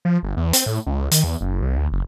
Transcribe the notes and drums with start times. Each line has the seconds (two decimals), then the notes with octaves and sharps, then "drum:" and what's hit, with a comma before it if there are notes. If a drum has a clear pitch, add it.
0.05 F3
0.23 G1
0.37 E2
0.53 C4, drum: hi-hat
0.66 A2
0.86 C#2
1.11 D#3, drum: hi-hat
1.24 E2
1.41 F#1
1.62 C2
1.77 D2
1.92 F#1